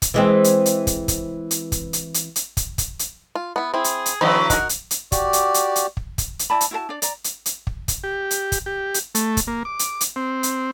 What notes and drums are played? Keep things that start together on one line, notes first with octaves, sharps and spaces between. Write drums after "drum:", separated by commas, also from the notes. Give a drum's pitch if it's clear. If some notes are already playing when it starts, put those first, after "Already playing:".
drum: kick, hi-hat
E3 G#3 C4
drum: hi-hat
drum: hi-hat
drum: kick, hi-hat
drum: kick, hi-hat
drum: hi-hat
drum: kick, hi-hat
drum: hi-hat
drum: hi-hat
drum: hi-hat
drum: kick, hi-hat
drum: kick, hi-hat
drum: hi-hat
F4
B3 E4
C4 E4 G#4
drum: hi-hat
drum: hi-hat
D3 E3 F#3 B3 C4 D#4 B5
D#4 F#4 A#4 F#5, drum: kick, hi-hat
drum: hi-hat
drum: hi-hat
F#4 G4 D5, drum: kick, hi-hat
drum: hi-hat
drum: hi-hat
drum: hi-hat
drum: kick
drum: kick, hi-hat
drum: hi-hat
E4 D5 A5 B5
drum: hi-hat
E4 F#4 A4 A5
D4 D5
D5 A#5, drum: hi-hat
drum: hi-hat
drum: hi-hat
drum: kick
drum: kick, hi-hat
G4
drum: hi-hat
drum: kick, hi-hat
G4
drum: hi-hat
A3, drum: hi-hat
drum: kick, hi-hat
A#3
D6
drum: hi-hat
drum: hi-hat
C4
drum: hi-hat